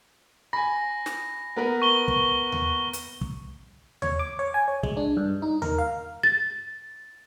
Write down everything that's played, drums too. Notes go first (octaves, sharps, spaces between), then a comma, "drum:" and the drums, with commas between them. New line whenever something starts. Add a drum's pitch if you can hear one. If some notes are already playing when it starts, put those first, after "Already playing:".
G#5 B5 A#6
drum: snare
B3 A#4 B4
C#6 G7
drum: kick
drum: tom D#2
drum: hi-hat
drum: kick
C#5, drum: tom D#2
D6
C#5
G#5
C#5
G#3, drum: kick
D4
G2
D#4
A#4, drum: tom D#2
F5
A6